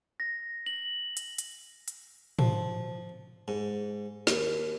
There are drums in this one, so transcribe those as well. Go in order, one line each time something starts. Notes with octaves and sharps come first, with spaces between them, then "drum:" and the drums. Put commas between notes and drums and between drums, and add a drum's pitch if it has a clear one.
A#6
F#7
drum: hi-hat
drum: hi-hat
drum: hi-hat
F3, drum: tom
G#2
D#2, drum: snare